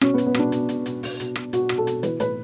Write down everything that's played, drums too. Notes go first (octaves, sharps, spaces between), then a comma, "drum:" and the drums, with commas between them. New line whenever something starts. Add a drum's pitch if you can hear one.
B2 C#4, drum: rim click
B3
B2, drum: hi-hat
B3
B2 D4, drum: rim click
B2, drum: hi-hat
B2, drum: hi-hat
B2, drum: hi-hat
B2, drum: open hi-hat
B2, drum: hi-hat
B2, drum: rim click
B2 F#4, drum: hi-hat
B2, drum: rim click
A4
B2, drum: hi-hat
E3 B4, drum: hi-hat
A2 B4, drum: hi-hat